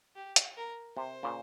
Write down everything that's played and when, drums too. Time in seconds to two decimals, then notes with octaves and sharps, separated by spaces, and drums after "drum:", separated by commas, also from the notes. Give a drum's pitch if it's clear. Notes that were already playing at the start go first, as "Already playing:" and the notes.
0.15 G4
0.36 drum: hi-hat
0.57 A#4
0.97 C3 C5
1.23 A#2 C#3